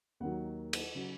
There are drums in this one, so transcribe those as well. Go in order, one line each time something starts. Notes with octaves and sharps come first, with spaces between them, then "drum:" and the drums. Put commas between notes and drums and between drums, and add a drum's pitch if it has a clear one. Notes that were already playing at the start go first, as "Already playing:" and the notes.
D#2 D#3 F#3 F#5
drum: cymbal
C#3 F#3